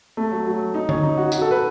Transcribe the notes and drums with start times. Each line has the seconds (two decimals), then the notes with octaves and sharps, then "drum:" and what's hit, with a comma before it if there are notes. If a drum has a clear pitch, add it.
0.17 A3
0.32 F#3
0.46 F#3
0.74 D#4
0.89 C#4, drum: tom D3
1.03 D#4
1.17 F#4
1.32 F#4, drum: tambourine
1.41 A4
1.51 B4